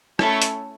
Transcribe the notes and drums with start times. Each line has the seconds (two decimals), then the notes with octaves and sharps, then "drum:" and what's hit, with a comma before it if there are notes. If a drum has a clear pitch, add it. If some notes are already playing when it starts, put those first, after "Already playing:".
0.19 A3 C#4 E4 A4 C#5, drum: rim click
0.42 drum: hi-hat